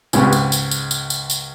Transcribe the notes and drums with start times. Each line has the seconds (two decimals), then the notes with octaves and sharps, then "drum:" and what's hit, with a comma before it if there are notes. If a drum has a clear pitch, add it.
0.13 C#2 G#2 G#3 G4 B4 C#6, drum: tambourine
0.33 drum: tambourine
0.52 drum: tambourine
0.71 drum: tambourine
0.91 drum: tambourine
1.10 drum: tambourine
1.30 drum: tambourine